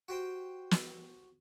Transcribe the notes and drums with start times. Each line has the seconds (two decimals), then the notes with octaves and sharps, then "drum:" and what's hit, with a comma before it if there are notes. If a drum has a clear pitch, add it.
0.08 F#4 G4 C5 G5
0.71 drum: snare